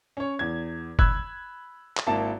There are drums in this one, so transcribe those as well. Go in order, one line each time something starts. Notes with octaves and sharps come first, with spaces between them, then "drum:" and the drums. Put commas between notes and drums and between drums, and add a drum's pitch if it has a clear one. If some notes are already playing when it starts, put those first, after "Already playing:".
C#4 C#5
E2 G#6
B5 E6 F#6 G#6, drum: kick F#1
drum: clap
G#1 A#3 E4 A5